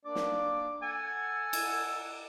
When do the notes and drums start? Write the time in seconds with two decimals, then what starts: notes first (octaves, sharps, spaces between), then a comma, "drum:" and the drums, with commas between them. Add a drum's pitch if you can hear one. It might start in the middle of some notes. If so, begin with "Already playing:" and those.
0.05 A#3 D4 D5 D6
0.15 drum: snare
0.82 A4 F#5 G#5
1.53 drum: cymbal